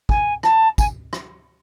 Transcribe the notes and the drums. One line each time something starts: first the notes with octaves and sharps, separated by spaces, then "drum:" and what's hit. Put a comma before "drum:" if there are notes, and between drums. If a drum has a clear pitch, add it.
G#5, drum: kick
A5, drum: rim click
G#5, drum: kick, tambourine
drum: rim click